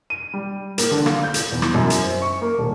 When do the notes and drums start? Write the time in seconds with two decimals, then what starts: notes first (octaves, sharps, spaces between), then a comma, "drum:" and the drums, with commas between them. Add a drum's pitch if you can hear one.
0.10 D#7
0.33 G3
0.78 A#3, drum: hi-hat
0.91 D3
1.06 F5, drum: rim click
1.23 G6
1.34 drum: hi-hat
1.52 E2
1.62 drum: rim click
1.74 F#2
1.90 drum: hi-hat
2.02 C5
2.22 C#6
2.41 A#3
2.58 D#1